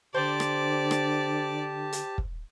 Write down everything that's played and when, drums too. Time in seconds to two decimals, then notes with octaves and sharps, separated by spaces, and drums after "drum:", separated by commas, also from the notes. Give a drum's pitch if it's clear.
0.14 D3 G4 C5 D5 A5
0.40 drum: rim click
0.91 drum: rim click
1.93 drum: hi-hat
2.18 drum: kick